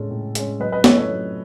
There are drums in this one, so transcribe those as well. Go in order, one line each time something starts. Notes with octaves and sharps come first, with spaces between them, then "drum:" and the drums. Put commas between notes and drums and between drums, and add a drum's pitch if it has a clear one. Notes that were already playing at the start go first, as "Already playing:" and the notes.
Already playing: A2 G#3 C#4 A4
A2
G#3 C#4, drum: hi-hat
F#3 B4 D#5
B4 D#5
A3 C#4 E4 A4 C#5, drum: snare
A4 C#5
F#3